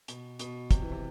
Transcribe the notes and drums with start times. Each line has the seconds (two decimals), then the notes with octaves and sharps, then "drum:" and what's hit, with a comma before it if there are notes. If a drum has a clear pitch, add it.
0.08 B2, drum: hi-hat
0.39 B2, drum: hi-hat
0.71 C3, drum: kick, hi-hat
0.82 E3
0.92 C3